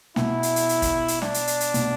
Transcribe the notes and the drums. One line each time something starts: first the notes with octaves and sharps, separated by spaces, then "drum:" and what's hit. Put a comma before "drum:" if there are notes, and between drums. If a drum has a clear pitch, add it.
B2 E4, drum: snare
drum: hi-hat
drum: hi-hat
drum: hi-hat
drum: kick, hi-hat
drum: hi-hat
D4, drum: snare
drum: hi-hat
drum: hi-hat
drum: hi-hat
B2, drum: hi-hat